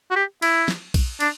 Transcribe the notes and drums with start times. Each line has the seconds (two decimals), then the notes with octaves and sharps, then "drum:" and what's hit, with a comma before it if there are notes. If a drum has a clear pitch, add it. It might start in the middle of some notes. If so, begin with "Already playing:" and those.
0.11 F#4
0.16 G4
0.42 E4, drum: cymbal
0.68 drum: snare
0.94 drum: kick, cymbal
1.20 D4, drum: cymbal